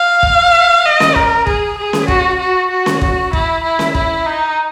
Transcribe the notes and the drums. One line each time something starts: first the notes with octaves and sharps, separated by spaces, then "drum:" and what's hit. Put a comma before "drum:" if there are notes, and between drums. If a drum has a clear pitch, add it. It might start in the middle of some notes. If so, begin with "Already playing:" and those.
Already playing: F5
drum: kick
D#5
drum: snare C#4
A#4, drum: kick
G#4, drum: kick
G#4
drum: snare C#4
F#4, drum: kick
F#4
F#4
drum: snare C#4
F#4, drum: kick
E4, drum: kick
E4
drum: snare C#4
E4, drum: kick
D#4